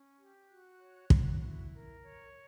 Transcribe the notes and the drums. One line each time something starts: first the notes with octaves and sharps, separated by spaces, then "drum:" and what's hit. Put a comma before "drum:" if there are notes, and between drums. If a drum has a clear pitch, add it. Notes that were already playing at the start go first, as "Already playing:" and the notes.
Already playing: C#4
G4
F#4 F#6
C#5
F#4, drum: kick
E4
A#4
C#5